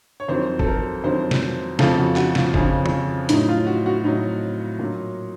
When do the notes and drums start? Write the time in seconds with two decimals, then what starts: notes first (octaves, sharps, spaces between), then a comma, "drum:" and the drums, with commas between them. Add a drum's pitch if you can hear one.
0.20 C#5
0.28 F2 D#3 F#3 C5
0.59 A4, drum: kick G#1
0.67 A#4
1.04 F2 D#3 F#3 C5
1.31 drum: snare
1.79 F2 C#3 F3 A4, drum: snare
1.98 F#4
2.16 F#4, drum: clap
2.35 F4, drum: snare
2.54 F2 C#3 F3, drum: kick G#1
2.86 drum: tom
3.29 A2 F#3 D#4, drum: hi-hat
3.49 F4
3.67 F#4
3.86 F#4
4.04 A2 F#3 D#4
4.79 A#2 F#3